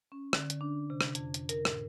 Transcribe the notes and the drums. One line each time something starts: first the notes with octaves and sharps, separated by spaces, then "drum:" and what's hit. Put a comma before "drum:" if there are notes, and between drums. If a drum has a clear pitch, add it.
C#4
D3, drum: rim click
drum: hi-hat
D4
C3
drum: rim click
F2, drum: hi-hat
drum: hi-hat
A#4, drum: hi-hat
A2, drum: rim click